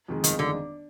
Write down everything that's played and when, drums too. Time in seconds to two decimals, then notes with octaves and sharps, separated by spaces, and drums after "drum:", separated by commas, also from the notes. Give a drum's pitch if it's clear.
0.08 F2 D#3 G#3
0.24 G1 D#3, drum: hi-hat
0.39 D3 D#3 G#3